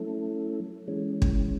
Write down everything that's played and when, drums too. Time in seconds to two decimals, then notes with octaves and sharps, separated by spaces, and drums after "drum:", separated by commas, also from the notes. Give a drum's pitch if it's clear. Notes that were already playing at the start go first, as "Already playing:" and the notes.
Already playing: F#3 A3 C#4 E4 A4
0.88 E3 G#3 C#4
1.22 drum: kick